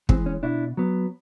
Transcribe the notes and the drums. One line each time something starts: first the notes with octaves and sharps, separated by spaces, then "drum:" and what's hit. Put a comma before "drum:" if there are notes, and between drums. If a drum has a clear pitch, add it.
E3 G#3 C4, drum: kick
C#4
B2 D4 E4
F#3 B3